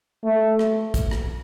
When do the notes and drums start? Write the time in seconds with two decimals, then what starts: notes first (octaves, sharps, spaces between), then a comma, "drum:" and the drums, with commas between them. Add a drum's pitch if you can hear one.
0.24 A3
0.59 drum: rim click
0.94 drum: kick, hi-hat
1.11 drum: rim click